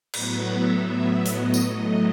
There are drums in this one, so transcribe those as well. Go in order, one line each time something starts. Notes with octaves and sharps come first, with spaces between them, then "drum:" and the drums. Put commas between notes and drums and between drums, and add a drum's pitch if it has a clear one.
A2 F#3 B3 B4, drum: cymbal
E5
E5
D#5, drum: hi-hat
drum: tambourine
A2 F#3 A3 D#5